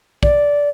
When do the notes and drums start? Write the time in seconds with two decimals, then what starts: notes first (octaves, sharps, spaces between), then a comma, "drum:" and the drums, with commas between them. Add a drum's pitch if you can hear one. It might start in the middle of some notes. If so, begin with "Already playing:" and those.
0.23 D5, drum: kick